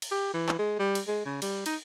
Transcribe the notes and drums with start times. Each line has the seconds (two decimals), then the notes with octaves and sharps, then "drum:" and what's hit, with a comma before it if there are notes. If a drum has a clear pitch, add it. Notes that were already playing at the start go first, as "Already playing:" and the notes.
0.02 drum: cymbal
0.11 G4
0.33 E3
0.49 drum: clap
0.59 G#3
0.79 G3
0.95 drum: cymbal
1.08 G#3
1.25 C#3
1.42 G3, drum: cymbal
1.66 D#4, drum: cymbal